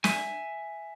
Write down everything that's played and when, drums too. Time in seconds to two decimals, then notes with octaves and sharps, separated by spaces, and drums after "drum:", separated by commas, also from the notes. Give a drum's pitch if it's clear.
0.04 E5 G#5, drum: snare